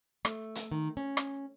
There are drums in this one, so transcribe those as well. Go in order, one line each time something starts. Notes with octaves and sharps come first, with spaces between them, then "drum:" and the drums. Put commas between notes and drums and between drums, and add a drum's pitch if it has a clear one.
A3, drum: rim click
drum: hi-hat
D#3
C#4
drum: rim click